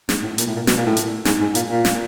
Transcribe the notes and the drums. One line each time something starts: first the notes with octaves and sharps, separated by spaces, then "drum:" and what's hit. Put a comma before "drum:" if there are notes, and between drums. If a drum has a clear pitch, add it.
G#2, drum: snare
A2
A#2, drum: hi-hat
A2
A#2
B2, drum: snare
A#2
A2
drum: hi-hat
G#2, drum: snare
G#2
A#2, drum: hi-hat
A#2
drum: snare